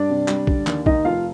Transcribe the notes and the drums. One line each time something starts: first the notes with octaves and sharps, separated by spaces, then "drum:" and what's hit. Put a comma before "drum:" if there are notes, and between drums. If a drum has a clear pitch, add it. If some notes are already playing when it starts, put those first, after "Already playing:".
Already playing: G2 D4 D5
C3
G3, drum: clap
D3, drum: kick
D#2, drum: clap
D#3 D#4 D#5, drum: kick
F1 F4 F5